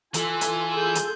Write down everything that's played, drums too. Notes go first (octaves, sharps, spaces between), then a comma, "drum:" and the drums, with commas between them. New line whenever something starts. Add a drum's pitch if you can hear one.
E3 F4 A4 G#5, drum: hi-hat
drum: hi-hat
G#4 G6
drum: hi-hat